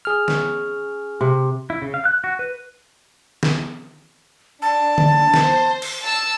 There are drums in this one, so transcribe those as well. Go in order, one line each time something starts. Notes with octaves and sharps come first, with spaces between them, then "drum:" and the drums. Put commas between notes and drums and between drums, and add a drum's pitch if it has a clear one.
G#4 F6
C#4, drum: snare
C3
E4
C#3
F5
F#6
F#4
B4
drum: snare
D4 A5
drum: tom D3
C5, drum: snare
drum: cymbal
A5 E6